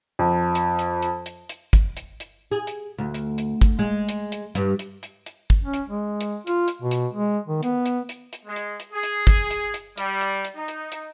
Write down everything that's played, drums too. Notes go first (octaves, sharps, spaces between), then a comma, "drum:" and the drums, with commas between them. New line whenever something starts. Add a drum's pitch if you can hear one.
F2
drum: hi-hat
drum: hi-hat
drum: hi-hat
drum: hi-hat
drum: hi-hat
drum: kick, hi-hat
drum: hi-hat
drum: hi-hat
G#4
drum: hi-hat
D2
drum: hi-hat
drum: hi-hat
drum: kick, hi-hat
G#3
drum: hi-hat
drum: hi-hat
G2, drum: hi-hat
drum: hi-hat
drum: hi-hat
drum: hi-hat
drum: kick
C#4
drum: hi-hat
G#3
drum: hi-hat
F4, drum: hi-hat
drum: hi-hat
B2
drum: hi-hat
G#3
D#3
B3, drum: hi-hat
drum: hi-hat
drum: hi-hat
drum: hi-hat
G#3
drum: hi-hat
drum: hi-hat
G#4
drum: hi-hat
drum: kick, hi-hat
drum: hi-hat
drum: hi-hat
G3, drum: hi-hat
drum: hi-hat
drum: hi-hat
D#4
drum: hi-hat
drum: hi-hat